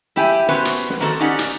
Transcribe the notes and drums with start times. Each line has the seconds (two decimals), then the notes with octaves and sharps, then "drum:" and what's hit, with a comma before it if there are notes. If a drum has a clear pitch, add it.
0.16 E4 G4 G5 G#5, drum: snare
0.49 B3 C#4 F#4 B4 C5
0.65 drum: hi-hat
0.90 drum: snare
1.00 D#3 A#3 C4 F#4 A4
1.20 C#4 D#4 G4 D5 F#5
1.39 drum: hi-hat